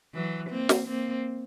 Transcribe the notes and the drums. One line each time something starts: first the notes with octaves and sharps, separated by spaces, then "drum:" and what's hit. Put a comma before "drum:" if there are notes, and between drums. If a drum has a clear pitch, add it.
E3 F#3
A#3 C4
drum: snare
A#3 C4